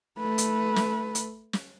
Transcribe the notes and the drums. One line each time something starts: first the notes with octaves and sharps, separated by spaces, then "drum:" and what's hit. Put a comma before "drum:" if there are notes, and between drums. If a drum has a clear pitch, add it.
A3 B4
drum: hi-hat
drum: snare
drum: hi-hat
drum: snare